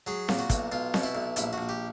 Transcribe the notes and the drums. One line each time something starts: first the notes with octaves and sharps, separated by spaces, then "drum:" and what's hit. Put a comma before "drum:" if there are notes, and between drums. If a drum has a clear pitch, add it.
F#3 G#4
A#2, drum: snare C4
F#4
B1, drum: kick, hi-hat
B1 F4
B2, drum: snare C4
E4
B1
A#1 E4, drum: hi-hat
A#1 F#4
G4